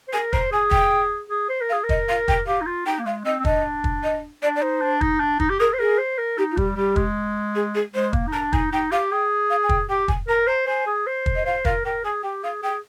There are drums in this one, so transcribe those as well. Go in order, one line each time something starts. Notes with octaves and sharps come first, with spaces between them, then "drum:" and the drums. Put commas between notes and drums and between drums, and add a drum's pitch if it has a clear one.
C5
A#4 G#5
C5 A#5, drum: kick
G#4 G#5
G5, drum: kick
G#4
C5
A#4
F5
G#4
A#4
D#5, drum: kick
F5
G5, drum: kick
G4 F5
D#4
F4
D#4 G5
A#3
G#3 F5
C4 D#5
C4
D4 D#5, drum: kick
drum: kick
D#5
D4 D5
D5
D#4 C5
D4
D#4, drum: kick
D4
D#4, drum: kick
G4
G#4 A#4
C5
G#4 A#4
C5
A#4
D#4 G4
F4
G3 G4, drum: kick
G3 G4
G#3, drum: kick
G#4
G#4
G#3 C5
A#3, drum: kick
D#4
D4 A#5
D#4 G#5, drum: kick
D#4 G5
G4 F5
G#4 G5
F5
G#5
G5, drum: kick
G4 G5
G#5, drum: kick
A#4 A#5
C5 A#5
C5 G#5
G#4
C5
drum: kick
D#5
C5 F5
A#4 F5, drum: kick
A#4 G5
G#4 G#5
G4 G5
G#4 F5
G#4 G5